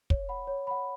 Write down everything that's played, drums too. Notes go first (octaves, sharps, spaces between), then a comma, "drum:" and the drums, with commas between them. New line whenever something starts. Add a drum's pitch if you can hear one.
C#5, drum: kick
F#5 B5
C#5
F#5 B5